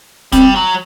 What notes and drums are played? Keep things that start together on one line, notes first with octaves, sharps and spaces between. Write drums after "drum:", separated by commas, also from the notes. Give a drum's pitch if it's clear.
G3 C4, drum: kick, hi-hat
F#3